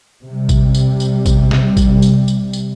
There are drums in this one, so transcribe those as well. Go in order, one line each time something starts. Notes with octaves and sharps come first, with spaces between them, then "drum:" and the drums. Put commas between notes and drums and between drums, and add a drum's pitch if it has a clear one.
C3 G3
drum: kick A1, tambourine
drum: tambourine
drum: tambourine
drum: kick A1, tambourine
drum: snare
drum: kick A1, tambourine
drum: tambourine
drum: tambourine
drum: tambourine